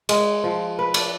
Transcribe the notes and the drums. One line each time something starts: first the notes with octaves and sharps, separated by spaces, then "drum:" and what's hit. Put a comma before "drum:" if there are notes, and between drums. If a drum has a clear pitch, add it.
G#3, drum: cymbal
F3
B4
D4, drum: cymbal